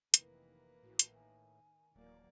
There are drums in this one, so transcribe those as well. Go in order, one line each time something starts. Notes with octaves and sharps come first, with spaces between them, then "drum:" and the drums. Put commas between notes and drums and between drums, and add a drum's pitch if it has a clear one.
F1 D#3 E3 A#3 B4, drum: hi-hat
A1 A2 E3 F#4
drum: hi-hat
D#3 G#5
D#1 E3 F#3 A#3 D5